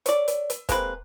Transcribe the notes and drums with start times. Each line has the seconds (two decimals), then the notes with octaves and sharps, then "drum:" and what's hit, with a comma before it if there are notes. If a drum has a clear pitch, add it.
0.06 C#5 D5, drum: hi-hat
0.28 drum: hi-hat
0.50 drum: hi-hat
0.69 G#3 A#3 C4 B4, drum: kick, hi-hat